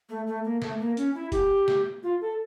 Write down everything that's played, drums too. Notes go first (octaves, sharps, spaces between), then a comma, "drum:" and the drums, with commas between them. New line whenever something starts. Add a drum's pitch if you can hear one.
A3
A3
A#3
A3, drum: snare
A#3
C#4, drum: hi-hat
E4
G4, drum: kick, hi-hat
drum: snare
F4
A4